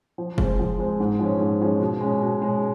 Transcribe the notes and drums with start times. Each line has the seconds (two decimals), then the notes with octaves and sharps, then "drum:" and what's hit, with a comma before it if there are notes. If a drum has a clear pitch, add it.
0.18 F3
0.38 G#3 C4, drum: kick
0.59 F3
0.80 G#3 C4
1.00 G#2
1.19 F3 G#3 C#4
1.41 G#2
1.61 F3 G#3 C#4
1.80 B2
2.01 G#3 C#4
2.22 B2
2.42 G#3 C#4